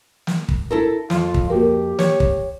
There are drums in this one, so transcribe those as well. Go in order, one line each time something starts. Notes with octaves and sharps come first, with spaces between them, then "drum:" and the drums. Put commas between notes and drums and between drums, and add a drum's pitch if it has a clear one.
drum: snare
drum: kick
E4 A4 A#4
F2 F4, drum: snare
drum: kick
A#3 F#4 G4 A#4
C#5, drum: snare
drum: kick